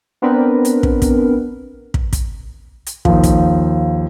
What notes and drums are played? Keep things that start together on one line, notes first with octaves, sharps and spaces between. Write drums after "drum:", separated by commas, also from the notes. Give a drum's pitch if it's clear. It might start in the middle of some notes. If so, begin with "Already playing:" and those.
B3 C4 D4 A#4 B4
drum: hi-hat
drum: kick
drum: kick, hi-hat
drum: kick
drum: kick, hi-hat
drum: hi-hat
D#2 F3, drum: kick
drum: kick, hi-hat